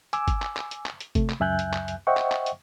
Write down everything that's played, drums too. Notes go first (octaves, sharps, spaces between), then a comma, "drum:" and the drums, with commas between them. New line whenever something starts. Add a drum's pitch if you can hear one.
G#5 D6 E6, drum: hi-hat
drum: kick G1, hi-hat
drum: clap
drum: clap
drum: hi-hat
drum: clap
drum: hi-hat
C3 A3, drum: kick G1, hi-hat
drum: clap
C#2 F#2 E5 G#5 F#6 G6
drum: hi-hat
drum: clap
drum: hi-hat
C5 D#5 E5 F#5 G5 C#6
drum: clap
drum: clap
drum: hi-hat